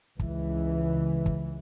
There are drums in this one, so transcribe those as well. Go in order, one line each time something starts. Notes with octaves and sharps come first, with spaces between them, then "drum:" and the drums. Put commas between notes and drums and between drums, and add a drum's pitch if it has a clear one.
C#2 E3, drum: kick
drum: kick